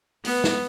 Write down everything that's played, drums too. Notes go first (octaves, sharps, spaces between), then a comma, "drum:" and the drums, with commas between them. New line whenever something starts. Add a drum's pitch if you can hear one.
B3, drum: open hi-hat
drum: snare